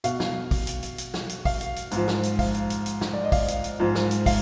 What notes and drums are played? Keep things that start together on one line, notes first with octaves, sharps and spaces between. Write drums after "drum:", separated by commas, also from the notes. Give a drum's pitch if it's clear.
B2 F5, drum: hi-hat
drum: snare
drum: kick, open hi-hat
drum: hi-hat
drum: hi-hat
drum: hi-hat
drum: snare
drum: hi-hat
F5, drum: kick, open hi-hat
drum: hi-hat
drum: hi-hat
G#2 F3, drum: hi-hat
drum: snare
drum: hi-hat
F5, drum: kick, open hi-hat
drum: hi-hat
drum: hi-hat
drum: hi-hat
drum: snare
D5
D#5
F5, drum: kick, open hi-hat
drum: hi-hat
drum: hi-hat
G#2 F3
drum: snare
drum: hi-hat
F5, drum: kick, open hi-hat